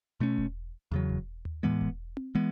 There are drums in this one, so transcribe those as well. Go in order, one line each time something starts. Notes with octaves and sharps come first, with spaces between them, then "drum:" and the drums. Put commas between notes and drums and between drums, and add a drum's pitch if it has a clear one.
B2 A3 C#4
drum: kick E1
E2 C#3 F#3
drum: kick E1
drum: tom D#2
A2 E3 G#3 B3
drum: kick E1
drum: tom C4
E3 G#3 B3